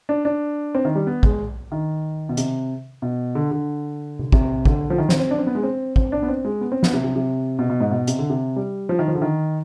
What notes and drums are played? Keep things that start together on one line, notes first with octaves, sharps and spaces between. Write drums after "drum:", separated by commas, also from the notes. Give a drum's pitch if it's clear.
D4
D4
C4
D#3
G3
B3
G#3, drum: kick
D#3
B2
C3, drum: hi-hat
B2
D3
D3
drum: tom C3
C3, drum: kick
D3, drum: kick
F3
D#3
C4, drum: snare
C4
D4
C4
B3
G#3
C4
C4, drum: kick
D4
B3
C4
G#3
B3
C4
B3, drum: snare
C3
C3
C3
B2
B2
G#2
B2
C3, drum: hi-hat
D3
C3
G3
F3
D#3
F3
D3
D#3